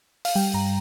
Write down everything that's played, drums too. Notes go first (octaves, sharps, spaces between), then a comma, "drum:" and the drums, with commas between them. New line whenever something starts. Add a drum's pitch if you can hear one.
F5, drum: open hi-hat
G3 G5
G2 A#5